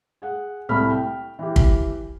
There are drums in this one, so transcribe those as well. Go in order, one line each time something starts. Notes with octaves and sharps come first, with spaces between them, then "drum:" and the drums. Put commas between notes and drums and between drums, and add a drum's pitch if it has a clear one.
G#4 F#5
C2 A2 B5 F6
G5
E3 G4
drum: kick